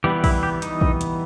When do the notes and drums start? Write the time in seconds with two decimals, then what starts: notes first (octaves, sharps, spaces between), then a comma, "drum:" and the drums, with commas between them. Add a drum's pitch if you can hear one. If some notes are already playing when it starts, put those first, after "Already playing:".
0.04 E3 G3 B3 G4
0.24 E4, drum: kick, open hi-hat
0.43 G4
0.62 D#4, drum: hi-hat
0.81 drum: kick
1.01 drum: hi-hat